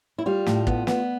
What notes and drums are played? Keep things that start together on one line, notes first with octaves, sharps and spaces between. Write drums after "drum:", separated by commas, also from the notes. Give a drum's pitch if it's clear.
E4
G3 F4
A2, drum: snare
B3, drum: kick
B3, drum: snare